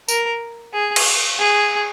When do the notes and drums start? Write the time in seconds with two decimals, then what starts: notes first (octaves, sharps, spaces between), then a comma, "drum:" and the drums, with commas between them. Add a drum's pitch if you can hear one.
0.09 A#4, drum: tambourine
0.74 G#4
0.96 drum: cymbal
1.39 G#4